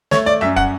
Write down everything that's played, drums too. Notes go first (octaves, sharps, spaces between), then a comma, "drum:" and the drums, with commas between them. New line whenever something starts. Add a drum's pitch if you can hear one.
A3 C#5, drum: snare
D5
F#2 E5
F#5, drum: kick